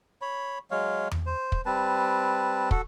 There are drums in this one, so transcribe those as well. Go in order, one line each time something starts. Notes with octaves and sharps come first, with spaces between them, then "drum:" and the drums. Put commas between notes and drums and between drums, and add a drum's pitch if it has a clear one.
C#5 B5
F#3 G#3 C#5 F5
drum: tom E2
C5
drum: kick
G3 C4 B4 A5
F#4 A4, drum: kick